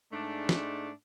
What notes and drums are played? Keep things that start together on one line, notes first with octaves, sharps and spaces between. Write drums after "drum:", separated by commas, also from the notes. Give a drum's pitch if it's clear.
G#2 G#3 A3 D4
drum: snare